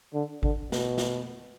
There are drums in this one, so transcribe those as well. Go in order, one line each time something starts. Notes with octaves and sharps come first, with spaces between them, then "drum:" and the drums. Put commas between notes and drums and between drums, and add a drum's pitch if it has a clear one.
D3
D3, drum: kick G#1
B2, drum: snare
drum: snare